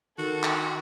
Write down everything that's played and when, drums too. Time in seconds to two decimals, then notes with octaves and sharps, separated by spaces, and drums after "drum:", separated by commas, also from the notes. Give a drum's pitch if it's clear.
0.18 D#3 F#4 A4
0.43 drum: clap